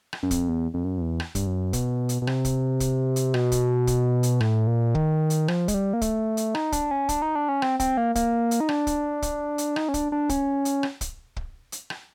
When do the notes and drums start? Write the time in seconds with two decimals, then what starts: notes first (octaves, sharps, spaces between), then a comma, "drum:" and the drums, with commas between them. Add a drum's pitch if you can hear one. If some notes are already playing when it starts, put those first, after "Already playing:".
0.13 drum: rim click
0.23 F#2
0.31 F2, drum: kick, hi-hat
0.49 E2
0.74 F2
0.84 F#2
0.98 F2
1.01 E2
1.20 drum: rim click
1.35 G2, drum: kick, hi-hat
1.47 F#2
1.73 B2, drum: kick, hi-hat
2.09 drum: hi-hat
2.22 B2
2.27 C3, drum: rim click
2.45 drum: kick, hi-hat
2.80 drum: kick, hi-hat
3.16 drum: hi-hat
3.34 B2, drum: rim click
3.52 drum: kick, hi-hat
3.87 drum: kick, hi-hat
4.23 drum: hi-hat
4.41 A2, drum: rim click
4.67 A#2
4.95 D#3, drum: kick
5.30 drum: hi-hat
5.48 F3, drum: rim click
5.68 G#3, drum: kick, hi-hat
5.74 G3
5.93 A#3
6.01 A3, drum: kick, hi-hat
6.37 drum: hi-hat
6.55 D#4, drum: rim click
6.72 D4, drum: kick, hi-hat
6.91 C#4
7.09 D4, drum: kick, hi-hat
7.22 D#4
7.35 D4
7.49 C#4
7.62 C4, drum: rim click
7.80 C4, drum: kick, hi-hat
7.97 A#3
8.15 A#3, drum: kick, hi-hat
8.51 drum: hi-hat
8.60 D#4
8.69 D4, drum: rim click
8.87 drum: kick, hi-hat
9.22 drum: kick, hi-hat
9.58 drum: hi-hat
9.76 D#4, drum: rim click
9.89 C#4
9.94 D4, drum: kick, hi-hat
10.12 D4
10.29 C#4, drum: kick, hi-hat
10.65 drum: hi-hat
10.83 drum: rim click
11.01 drum: kick, hi-hat
11.36 drum: kick
11.72 drum: hi-hat
11.90 drum: rim click